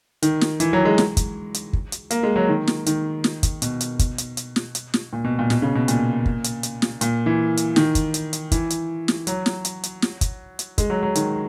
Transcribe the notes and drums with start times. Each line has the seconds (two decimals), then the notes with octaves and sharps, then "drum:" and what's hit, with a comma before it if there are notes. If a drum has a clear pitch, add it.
0.22 D#3, drum: hi-hat
0.41 drum: snare
0.60 E3, drum: hi-hat
0.73 F#3
0.85 G#3
0.98 drum: snare
1.17 drum: kick, hi-hat
1.54 drum: hi-hat
1.73 drum: kick
1.92 drum: hi-hat
2.11 A#3, drum: hi-hat
2.23 G#3
2.36 F#3
2.49 D#3
2.67 drum: snare
2.86 D#3, drum: hi-hat
3.24 drum: snare
3.43 drum: kick, hi-hat
3.62 B2, drum: hi-hat
3.81 drum: hi-hat
3.99 drum: kick, hi-hat
4.18 drum: hi-hat
4.37 drum: hi-hat
4.56 drum: snare
4.75 drum: hi-hat
4.94 drum: snare
5.13 A#2
5.24 B2
5.39 A#2
5.50 B2, drum: snare
5.62 C#3
5.75 B2
5.88 A#2, drum: hi-hat
6.25 drum: kick
6.44 drum: hi-hat
6.63 drum: hi-hat
6.82 drum: snare
7.01 A#2, drum: hi-hat
7.26 E3
7.57 drum: hi-hat
7.76 D#3, drum: snare
7.95 drum: kick, hi-hat
8.14 drum: hi-hat
8.33 drum: hi-hat
8.52 E3, drum: kick, hi-hat
8.70 drum: hi-hat
9.08 drum: snare
9.27 F#3, drum: hi-hat
9.46 drum: snare
9.65 drum: hi-hat
9.83 drum: hi-hat
10.02 drum: snare
10.21 drum: kick, hi-hat
10.59 drum: hi-hat
10.78 G#3, drum: kick, hi-hat
10.90 F#3
11.03 F#3
11.15 D#3, drum: hi-hat